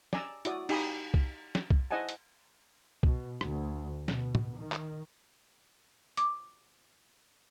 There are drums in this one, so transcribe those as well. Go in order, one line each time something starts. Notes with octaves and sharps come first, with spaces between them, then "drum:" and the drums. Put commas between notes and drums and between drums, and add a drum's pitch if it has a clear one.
D5 G#5 A#5 E6, drum: snare
E4 F#4 D5 D#6, drum: hi-hat
D#4 G4 G#5 B5 D#6, drum: cymbal
drum: kick C2
drum: snare
drum: kick C2
E4 C5 D#5 F#5 G#5 A5
drum: hi-hat
B2, drum: kick C2
D2, drum: rim click
B2, drum: snare
drum: tom
D#3
drum: clap
D6, drum: hi-hat